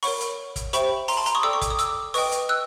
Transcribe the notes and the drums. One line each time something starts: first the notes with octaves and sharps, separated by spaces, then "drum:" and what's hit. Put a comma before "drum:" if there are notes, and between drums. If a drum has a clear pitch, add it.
A#4 C#5 F#5 B5 C#6, drum: open hi-hat
drum: hi-hat
drum: kick, hi-hat
G4 C5 E5 G5 B5 C#6, drum: hi-hat
A#5 C6, drum: open hi-hat
A5 B5
A#5 C6, drum: hi-hat
C#6 D#6
A4 D5 G5 D6 E6
C#6
D6, drum: kick, hi-hat
D#6
D6 E6, drum: hi-hat
B4 D#5 G5 C#6 D#6, drum: open hi-hat
drum: hi-hat
E6 F#6